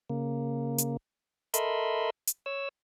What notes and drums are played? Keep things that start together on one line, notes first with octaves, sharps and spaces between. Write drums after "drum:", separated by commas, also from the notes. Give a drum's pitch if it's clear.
C#3 A#3
drum: hi-hat
A4 A#4 D#5 E5 B5 C6, drum: hi-hat
drum: hi-hat
C#5 E6